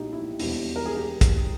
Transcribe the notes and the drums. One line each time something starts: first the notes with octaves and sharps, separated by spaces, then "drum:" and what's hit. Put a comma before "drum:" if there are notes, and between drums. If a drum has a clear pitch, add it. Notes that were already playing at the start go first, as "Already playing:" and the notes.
Already playing: B1 A#2 G#3 D#4 E4 G4
E4
E1 E2 B2 G3 E4, drum: open hi-hat
A#4
G#4
G4 A#4
drum: kick, hi-hat